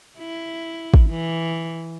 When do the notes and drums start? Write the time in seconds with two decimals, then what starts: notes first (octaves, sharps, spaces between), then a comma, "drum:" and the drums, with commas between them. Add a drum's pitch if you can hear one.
0.18 E4
0.94 drum: kick
1.10 E3